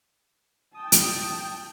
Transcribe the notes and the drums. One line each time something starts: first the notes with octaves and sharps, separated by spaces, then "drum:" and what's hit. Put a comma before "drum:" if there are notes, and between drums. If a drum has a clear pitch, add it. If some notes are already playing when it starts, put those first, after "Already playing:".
G5 A5 D#6
drum: hi-hat